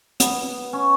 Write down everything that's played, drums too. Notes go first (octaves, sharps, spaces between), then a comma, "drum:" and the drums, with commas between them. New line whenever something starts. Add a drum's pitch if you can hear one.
B3, drum: hi-hat
C#4